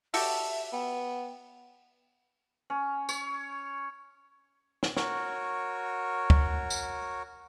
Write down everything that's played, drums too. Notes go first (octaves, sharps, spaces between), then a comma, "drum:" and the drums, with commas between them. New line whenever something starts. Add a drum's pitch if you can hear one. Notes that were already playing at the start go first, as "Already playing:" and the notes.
F#4 G4 A4 E5, drum: open hi-hat
B3 G5
C#4
C#5, drum: tambourine
drum: snare
F#4 A#4 C#5, drum: snare
drum: kick
drum: tambourine